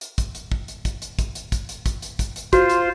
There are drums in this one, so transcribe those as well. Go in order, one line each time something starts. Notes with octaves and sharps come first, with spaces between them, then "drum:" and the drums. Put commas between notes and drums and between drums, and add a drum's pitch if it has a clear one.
drum: hi-hat
drum: kick, hi-hat
drum: hi-hat
drum: kick
drum: hi-hat
drum: kick, hi-hat
drum: hi-hat
drum: kick, hi-hat
drum: hi-hat
drum: kick, hi-hat
drum: hi-hat
drum: kick, hi-hat
drum: hi-hat
drum: kick, hi-hat
drum: hi-hat
F4 F#4 C5, drum: kick, hi-hat
drum: hi-hat